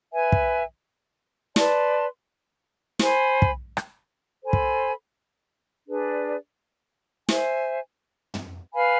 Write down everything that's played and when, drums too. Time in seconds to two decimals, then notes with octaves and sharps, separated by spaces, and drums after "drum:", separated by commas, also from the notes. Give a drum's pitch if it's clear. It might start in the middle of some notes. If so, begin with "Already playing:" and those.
0.13 B4 E5 G#5
0.32 drum: kick
1.56 B4 D5 A5 C6, drum: snare
2.99 C5 G#5 B5, drum: snare
3.42 drum: kick
3.77 drum: rim click
4.42 A4 C5 G#5 B5
4.53 drum: kick
5.86 D4 G#4 B4 D5
7.29 C5 E5 G#5, drum: snare
8.34 drum: tom
8.72 B4 F5 G#5 B5